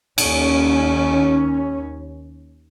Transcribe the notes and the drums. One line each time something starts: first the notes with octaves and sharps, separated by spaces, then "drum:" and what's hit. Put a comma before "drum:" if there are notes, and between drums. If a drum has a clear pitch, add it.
D#2 C#4, drum: cymbal